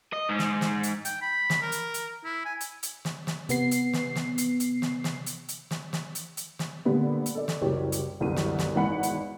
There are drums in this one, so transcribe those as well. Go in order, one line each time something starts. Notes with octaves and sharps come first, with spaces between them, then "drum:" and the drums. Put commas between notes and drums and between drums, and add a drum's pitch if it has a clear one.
D#5
G#2
drum: snare
drum: snare
drum: hi-hat
G5, drum: hi-hat
B5
drum: snare
A#4
drum: hi-hat
drum: hi-hat
E4
G#5
drum: hi-hat
drum: hi-hat
drum: snare
drum: snare
C3 B3 C7, drum: hi-hat
drum: hi-hat
drum: snare
drum: snare
drum: hi-hat
drum: hi-hat
drum: snare
drum: snare
drum: hi-hat
drum: hi-hat
drum: snare
drum: snare
drum: hi-hat
drum: hi-hat
drum: snare
A#2 D3 G3 A3 B3
drum: hi-hat
A4 D5
drum: snare
F#1 C2 F#4 G4 C#5
drum: hi-hat
G1 C2 F#2 F#3 D#7
drum: snare
drum: snare
G#1 E2 G#3 F#5 B5 C#7
drum: hi-hat